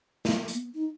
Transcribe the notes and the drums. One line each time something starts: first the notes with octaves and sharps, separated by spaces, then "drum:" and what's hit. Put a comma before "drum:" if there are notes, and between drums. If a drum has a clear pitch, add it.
B3, drum: snare
A#3, drum: hi-hat
B3
D#4